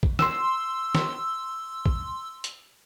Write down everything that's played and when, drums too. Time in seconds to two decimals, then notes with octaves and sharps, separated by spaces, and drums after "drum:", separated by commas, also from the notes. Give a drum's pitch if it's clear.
0.03 drum: kick
0.19 C6 E6, drum: snare
0.95 drum: snare
1.86 drum: kick
2.44 drum: hi-hat